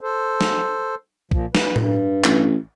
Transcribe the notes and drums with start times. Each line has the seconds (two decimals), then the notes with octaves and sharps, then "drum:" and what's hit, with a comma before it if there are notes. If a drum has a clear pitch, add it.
0.01 A4 C5
0.41 drum: snare
1.31 A#2 F3, drum: kick B1
1.55 B4, drum: snare
1.76 G2, drum: tom A2
2.24 A1, drum: clap